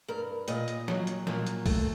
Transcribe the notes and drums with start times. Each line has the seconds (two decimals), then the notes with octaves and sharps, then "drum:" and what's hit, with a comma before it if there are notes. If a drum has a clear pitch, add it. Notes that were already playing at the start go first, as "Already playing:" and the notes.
0.08 G2 A#4
0.48 A#2 D#5, drum: hi-hat
0.68 drum: hi-hat
0.88 F#3, drum: snare
1.07 drum: hi-hat
1.27 A#2, drum: snare
1.47 drum: hi-hat
1.66 A3, drum: kick C2, open hi-hat